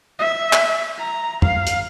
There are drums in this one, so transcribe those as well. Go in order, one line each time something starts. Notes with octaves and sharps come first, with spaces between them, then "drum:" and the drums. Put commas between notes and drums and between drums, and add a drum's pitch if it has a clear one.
E5
drum: clap
A#5
F5, drum: tom
drum: hi-hat